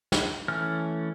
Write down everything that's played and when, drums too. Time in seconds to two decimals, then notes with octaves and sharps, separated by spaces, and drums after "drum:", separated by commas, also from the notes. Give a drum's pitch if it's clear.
0.12 drum: snare
0.48 E3 A3 C#4 F6